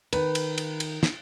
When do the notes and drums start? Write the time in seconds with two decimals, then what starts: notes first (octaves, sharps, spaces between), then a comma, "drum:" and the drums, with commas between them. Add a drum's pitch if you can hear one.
0.13 D#3 B4, drum: cymbal
0.35 drum: cymbal
0.58 drum: cymbal
0.80 drum: cymbal
1.03 drum: snare